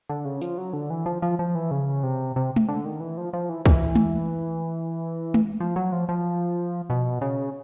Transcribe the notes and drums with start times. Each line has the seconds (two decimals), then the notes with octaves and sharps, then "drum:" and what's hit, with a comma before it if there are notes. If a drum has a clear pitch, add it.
0.09 D3
0.25 C#3
0.41 F3, drum: tambourine
0.58 F#3
0.73 D3
0.90 E3
1.06 F3
1.22 F3
1.39 F3
1.55 E3
1.71 C#3
2.03 C3
2.36 C3
2.56 drum: tom G#3
2.68 D3
2.85 D#3
3.00 E3
3.17 F3
3.33 F3
3.49 E3
3.66 E3, drum: kick C2
3.96 drum: tom G#3
5.34 drum: tom G#3
5.60 F3
5.76 F#3
5.92 F3
6.09 F3
6.90 B2
7.21 C#3